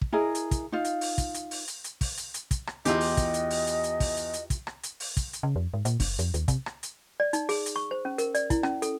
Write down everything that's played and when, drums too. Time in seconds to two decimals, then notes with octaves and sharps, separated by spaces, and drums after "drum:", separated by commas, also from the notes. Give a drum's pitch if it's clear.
0.01 drum: kick
0.12 E4 G#4 A#4 D#5
0.35 drum: hi-hat
0.51 drum: kick, hi-hat
0.72 D#4 F4
0.85 drum: hi-hat
1.01 drum: open hi-hat
1.18 drum: kick, hi-hat
1.34 drum: hi-hat
1.51 drum: open hi-hat
1.68 drum: hi-hat
1.84 drum: hi-hat
2.01 drum: kick, open hi-hat
2.17 drum: hi-hat
2.34 drum: hi-hat
2.51 drum: kick, hi-hat
2.67 drum: rim click
2.85 E2 E4 F4 G4 D#5, drum: hi-hat
3.01 drum: open hi-hat
3.17 drum: kick, hi-hat
3.34 drum: hi-hat
3.50 drum: open hi-hat
3.67 drum: hi-hat
3.84 drum: hi-hat
4.00 drum: kick, open hi-hat
4.17 drum: hi-hat
4.34 drum: hi-hat
4.50 drum: kick, hi-hat
4.67 drum: rim click
4.83 drum: hi-hat
5.00 drum: open hi-hat
5.17 drum: kick, hi-hat
5.33 drum: hi-hat
5.43 C#3
5.56 F2
5.74 G#2
5.85 A#2, drum: hi-hat
6.00 F#1, drum: kick, open hi-hat
6.19 F2, drum: hi-hat
6.34 D#2, drum: hi-hat
6.48 C3, drum: kick, hi-hat
6.66 drum: rim click
6.83 drum: hi-hat
7.20 D5
7.33 D#4, drum: hi-hat
7.49 G#4, drum: open hi-hat
7.66 drum: hi-hat
7.76 C#6
7.91 C5
8.05 C#4
8.18 A#4, drum: hi-hat
8.35 D5, drum: hi-hat
8.50 E4, drum: kick, hi-hat
8.63 C#4, drum: rim click
8.82 A4, drum: hi-hat